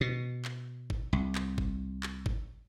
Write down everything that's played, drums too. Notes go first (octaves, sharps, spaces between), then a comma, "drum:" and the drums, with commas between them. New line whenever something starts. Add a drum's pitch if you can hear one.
B2
drum: clap
drum: kick
C2
drum: clap
drum: kick
drum: clap
drum: kick